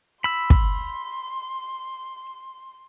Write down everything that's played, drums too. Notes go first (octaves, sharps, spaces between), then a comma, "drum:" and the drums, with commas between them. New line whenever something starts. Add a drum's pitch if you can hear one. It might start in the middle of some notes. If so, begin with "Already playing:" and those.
B5 C6 E6
drum: kick